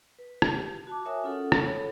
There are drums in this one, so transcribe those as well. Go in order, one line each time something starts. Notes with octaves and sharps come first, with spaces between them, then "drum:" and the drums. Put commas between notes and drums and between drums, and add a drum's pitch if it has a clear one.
B4
drum: rim click
G4
F#4 A5 D6
F#4 A#4 C#5 E5 G#5 D#6
C#4 F4 A4 F#5
drum: rim click
A4 C#5 B5